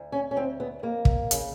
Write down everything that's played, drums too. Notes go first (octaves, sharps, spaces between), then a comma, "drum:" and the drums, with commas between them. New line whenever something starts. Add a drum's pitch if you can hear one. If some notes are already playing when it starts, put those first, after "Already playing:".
Already playing: D2
C#4
C#4
D2 C4
B3
F2 A#3
drum: kick
C#3, drum: hi-hat